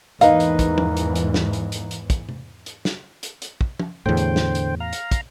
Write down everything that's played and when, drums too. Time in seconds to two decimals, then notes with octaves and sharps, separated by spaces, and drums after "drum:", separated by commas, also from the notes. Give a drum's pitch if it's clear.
0.21 E2 G#2 E3 A#3 D#4 B4 F5, drum: hi-hat
0.40 drum: hi-hat
0.59 drum: kick, hi-hat
0.78 drum: tom
0.97 drum: hi-hat
1.15 drum: hi-hat
1.34 drum: snare
1.53 drum: hi-hat
1.72 drum: hi-hat
1.91 drum: hi-hat
2.10 drum: kick, hi-hat
2.29 drum: tom C3
2.66 drum: hi-hat
2.85 drum: snare
3.23 drum: hi-hat
3.42 drum: hi-hat
3.61 drum: kick
3.80 drum: tom
4.06 E2 A2 D3 C5 G5
4.17 drum: hi-hat
4.36 drum: snare
4.55 drum: hi-hat
4.80 F5 A#5
4.93 drum: hi-hat
5.12 drum: kick, hi-hat